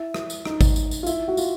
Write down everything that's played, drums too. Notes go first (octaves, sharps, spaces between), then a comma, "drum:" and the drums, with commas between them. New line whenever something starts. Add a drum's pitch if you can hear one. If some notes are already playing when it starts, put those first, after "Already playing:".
Already playing: E4
drum: rim click
drum: tambourine
D#4, drum: rim click
drum: kick G#1, tambourine
drum: tambourine
drum: tambourine
F4
E4, drum: tambourine
F#4
F4, drum: tambourine